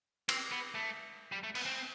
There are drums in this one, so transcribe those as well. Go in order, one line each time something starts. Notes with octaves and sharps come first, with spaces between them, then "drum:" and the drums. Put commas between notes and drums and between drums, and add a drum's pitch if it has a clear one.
C4, drum: cymbal
B3
A3
G3
A3
B3, drum: cymbal
C4